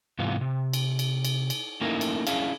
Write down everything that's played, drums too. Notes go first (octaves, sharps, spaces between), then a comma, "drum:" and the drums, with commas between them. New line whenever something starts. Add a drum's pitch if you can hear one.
G#2 C3 E3 B3 F4
C3
drum: cymbal
drum: cymbal
drum: cymbal
drum: cymbal
A3 A#3 C#4 D#4 E4 A#4
drum: cymbal
C#4 D4 E4 G#4 F5, drum: cymbal